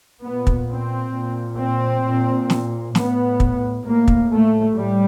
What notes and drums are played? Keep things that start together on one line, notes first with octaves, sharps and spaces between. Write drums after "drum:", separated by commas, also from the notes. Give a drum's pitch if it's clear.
A#2 B3
drum: kick
C4
A#2
C4
A#2
drum: snare
A2 B3, drum: snare
drum: kick
A2 A#3
drum: kick
A3
A2 G3